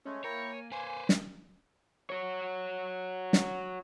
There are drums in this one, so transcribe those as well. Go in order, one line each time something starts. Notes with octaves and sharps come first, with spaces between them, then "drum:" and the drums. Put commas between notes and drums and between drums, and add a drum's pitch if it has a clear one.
G#3 A3 C#4
A#3 E4 C#5 G5 A#5
G#5
A#3 B4 C5 G#5
drum: snare
F#4 C#5
drum: snare